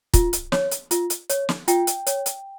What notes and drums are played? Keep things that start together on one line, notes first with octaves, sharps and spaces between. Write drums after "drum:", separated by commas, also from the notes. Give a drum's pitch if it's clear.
F4, drum: kick, hi-hat
drum: hi-hat
C#5, drum: snare
drum: hi-hat
F4, drum: hi-hat
drum: hi-hat
C#5, drum: hi-hat
drum: snare
F4 G5, drum: hi-hat
drum: hi-hat
C#5, drum: hi-hat
drum: hi-hat